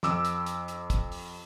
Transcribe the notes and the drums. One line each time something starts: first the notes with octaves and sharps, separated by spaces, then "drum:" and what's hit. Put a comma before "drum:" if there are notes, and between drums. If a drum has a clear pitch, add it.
F2 D6 E6, drum: snare
drum: hi-hat
drum: hi-hat
drum: hi-hat
drum: kick, hi-hat
drum: open hi-hat